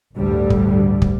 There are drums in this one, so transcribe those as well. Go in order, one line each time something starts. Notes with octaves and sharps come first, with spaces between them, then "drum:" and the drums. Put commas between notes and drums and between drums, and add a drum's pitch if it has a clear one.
A1 D2 G2 D3 G3
drum: kick
drum: kick